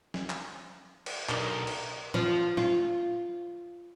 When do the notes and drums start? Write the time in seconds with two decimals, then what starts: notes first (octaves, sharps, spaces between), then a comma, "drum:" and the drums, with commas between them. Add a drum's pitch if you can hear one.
0.14 drum: snare
0.30 drum: clap
1.06 drum: cymbal
1.29 B1 D4 D#4 A#4, drum: clap
1.67 drum: cymbal
2.14 F3, drum: snare
2.57 F4, drum: snare